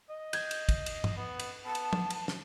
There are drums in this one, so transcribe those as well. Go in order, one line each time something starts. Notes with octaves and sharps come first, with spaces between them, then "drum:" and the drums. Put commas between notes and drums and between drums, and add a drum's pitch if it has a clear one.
D#5
G6 G#6, drum: cymbal
drum: cymbal
drum: kick, cymbal
drum: cymbal
drum: tom G2
B3
drum: cymbal
B3 A5
drum: cymbal
drum: tom
drum: cymbal
drum: snare